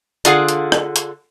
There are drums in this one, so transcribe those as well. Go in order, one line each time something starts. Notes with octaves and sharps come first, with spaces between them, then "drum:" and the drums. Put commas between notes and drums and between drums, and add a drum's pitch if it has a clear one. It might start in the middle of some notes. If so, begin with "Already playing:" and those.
D3 F4 G#4 F5 F#5, drum: hi-hat
drum: hi-hat
drum: rim click
drum: hi-hat